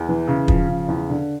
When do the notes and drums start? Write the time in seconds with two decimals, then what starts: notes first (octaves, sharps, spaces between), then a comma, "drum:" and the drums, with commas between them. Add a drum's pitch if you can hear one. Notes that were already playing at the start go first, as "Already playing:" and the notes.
Already playing: E2
0.08 E3
0.27 C#3
0.48 F3, drum: kick
0.68 C#3
0.88 E2
1.09 D3